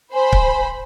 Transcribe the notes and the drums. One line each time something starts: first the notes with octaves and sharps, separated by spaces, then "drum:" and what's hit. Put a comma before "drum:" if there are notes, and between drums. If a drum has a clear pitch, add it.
C5 G#5 B5
drum: kick C#1